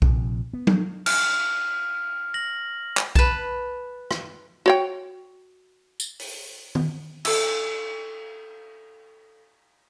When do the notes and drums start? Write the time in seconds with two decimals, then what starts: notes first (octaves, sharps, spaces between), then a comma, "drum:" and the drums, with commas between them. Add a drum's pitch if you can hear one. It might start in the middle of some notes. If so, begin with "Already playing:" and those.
0.02 A#1 C3 F3, drum: kick B1
0.53 B3
0.67 drum: tom F#3
1.06 F6, drum: cymbal
2.34 A#6 F#7
2.97 drum: clap
3.15 B4 A5, drum: kick B1
4.11 drum: rim click
4.66 F#4 C#5 G5
6.00 drum: tambourine
6.20 drum: open hi-hat
6.75 drum: tom D#3
7.25 A4 E6, drum: cymbal